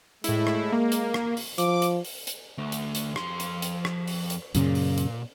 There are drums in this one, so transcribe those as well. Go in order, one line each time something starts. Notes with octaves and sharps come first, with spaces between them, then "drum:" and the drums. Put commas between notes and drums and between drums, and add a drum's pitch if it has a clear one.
A2 G#3 E4, drum: hi-hat
drum: rim click
A#3
drum: hi-hat
drum: rim click
drum: open hi-hat
F3 D6, drum: hi-hat
drum: hi-hat
drum: open hi-hat
drum: hi-hat
D2 A3
drum: hi-hat
drum: hi-hat
F2 C6, drum: rim click
drum: hi-hat
drum: hi-hat
drum: rim click
drum: open hi-hat
drum: hi-hat
F#2 A#2 C#3, drum: hi-hat
drum: open hi-hat
drum: hi-hat